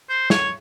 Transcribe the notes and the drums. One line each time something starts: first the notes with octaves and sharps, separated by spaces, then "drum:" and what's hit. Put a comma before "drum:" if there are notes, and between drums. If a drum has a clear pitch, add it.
C5
C#5, drum: snare